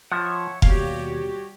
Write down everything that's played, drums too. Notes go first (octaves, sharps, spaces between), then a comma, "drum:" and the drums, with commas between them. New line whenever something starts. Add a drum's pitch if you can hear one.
F3 C#5 E5 F#5
D#2 B2 G3 F#4 G4 C#5 F5, drum: kick F1